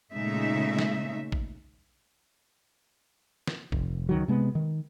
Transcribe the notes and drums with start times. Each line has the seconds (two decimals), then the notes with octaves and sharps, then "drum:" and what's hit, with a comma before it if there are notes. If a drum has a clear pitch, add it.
0.13 A#2 C#3 G#3 A3 D#4 E5
0.79 drum: snare
1.32 drum: kick
3.47 drum: snare
3.72 F1, drum: kick
4.09 C#2 D#3 F#3
4.28 C3 G#3 B3
4.55 D#3